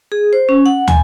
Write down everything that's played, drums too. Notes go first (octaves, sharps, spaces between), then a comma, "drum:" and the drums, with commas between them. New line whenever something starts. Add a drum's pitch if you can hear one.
G#4
C5
C#4
F#5
G#5, drum: tom